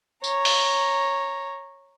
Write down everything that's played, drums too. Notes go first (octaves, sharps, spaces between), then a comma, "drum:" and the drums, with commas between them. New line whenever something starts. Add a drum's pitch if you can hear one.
C#5 A#5, drum: tambourine
drum: open hi-hat